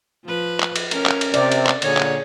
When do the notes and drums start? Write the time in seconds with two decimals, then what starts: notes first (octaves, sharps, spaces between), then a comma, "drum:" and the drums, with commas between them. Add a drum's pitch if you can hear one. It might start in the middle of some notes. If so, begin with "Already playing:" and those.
0.25 F3 B4
0.60 drum: clap
0.76 drum: cymbal
0.91 C#4 A#4, drum: cymbal
1.06 drum: clap
1.21 drum: cymbal
1.34 C3 D5, drum: cymbal
1.52 drum: cymbal
1.67 drum: clap
1.82 A#2 D3 G#4 C#5, drum: cymbal
1.97 drum: clap